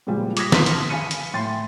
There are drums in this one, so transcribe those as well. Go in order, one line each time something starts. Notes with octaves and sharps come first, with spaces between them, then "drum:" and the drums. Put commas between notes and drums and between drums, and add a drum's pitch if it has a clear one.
A#2 C#3 F3 G3 G#3
D6 D#6 G#6 A#6 B6, drum: hi-hat
A5 C6 F6 B6, drum: snare
drum: hi-hat
F5 G#5 B5 B6 C#7 D#7
drum: hi-hat
A2 G5 C6 A6